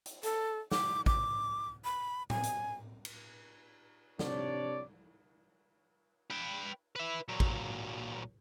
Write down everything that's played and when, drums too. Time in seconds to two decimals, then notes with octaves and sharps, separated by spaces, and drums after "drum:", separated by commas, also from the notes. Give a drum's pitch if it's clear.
0.06 drum: hi-hat
0.23 A4, drum: hi-hat
0.71 D6, drum: snare
1.06 D6, drum: kick
1.84 B5
2.30 G#5, drum: tom A2
2.43 drum: hi-hat
3.05 drum: cymbal
4.19 C3 D4 C#5 D5, drum: snare
6.30 B4 G5
6.96 B4 E5
7.29 A#2 F#3
7.40 drum: kick